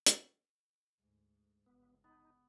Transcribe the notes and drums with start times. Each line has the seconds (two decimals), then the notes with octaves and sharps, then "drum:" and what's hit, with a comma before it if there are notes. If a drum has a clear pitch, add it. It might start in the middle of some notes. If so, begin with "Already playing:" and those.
0.07 drum: hi-hat
0.98 D2 G#2
1.66 G1 C#2 C#3 B3
2.04 B3 D#4